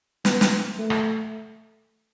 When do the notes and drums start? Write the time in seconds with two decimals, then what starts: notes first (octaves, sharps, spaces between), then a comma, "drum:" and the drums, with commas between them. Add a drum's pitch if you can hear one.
0.25 B3, drum: snare
0.41 drum: snare
0.79 A3
0.90 drum: rim click